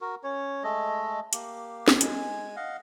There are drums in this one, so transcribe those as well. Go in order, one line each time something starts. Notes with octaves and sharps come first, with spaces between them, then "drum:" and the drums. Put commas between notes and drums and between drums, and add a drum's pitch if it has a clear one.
F#4 A#4
C#4 C#5
G#3 A3 A4 D#5
A#3 G4, drum: hi-hat
drum: snare
G#3 G#5, drum: hi-hat
D#5 F5 F#5